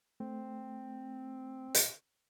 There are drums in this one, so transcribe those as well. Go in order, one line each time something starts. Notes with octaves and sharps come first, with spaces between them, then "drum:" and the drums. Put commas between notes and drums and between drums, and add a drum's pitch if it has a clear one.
A3 C4
drum: hi-hat